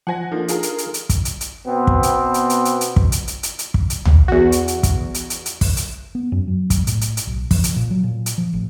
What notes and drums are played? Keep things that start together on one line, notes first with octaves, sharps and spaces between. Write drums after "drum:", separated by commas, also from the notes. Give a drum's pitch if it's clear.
F3 F4 C5 F#5 G#5 A#6
F3 A#3 D4 D#4 A4
F4 G#4 A#4, drum: hi-hat
drum: hi-hat
drum: hi-hat
drum: hi-hat
drum: kick, hi-hat
drum: hi-hat
drum: hi-hat
B2 B3 C4
drum: kick
drum: hi-hat
drum: hi-hat
drum: hi-hat
drum: hi-hat
drum: hi-hat
drum: kick
drum: hi-hat
drum: hi-hat
drum: hi-hat
drum: hi-hat
drum: kick
drum: hi-hat
drum: tom B1
E2 F#4
drum: hi-hat
drum: hi-hat
drum: kick, hi-hat
drum: hi-hat
drum: hi-hat
drum: hi-hat
drum: kick, open hi-hat
drum: hi-hat
B3
F#2
F#3
drum: kick, hi-hat
A2, drum: hi-hat
drum: hi-hat
drum: hi-hat
B1
F3, drum: kick, open hi-hat
drum: hi-hat
A#2
F#3
A#2
drum: hi-hat
F3
A1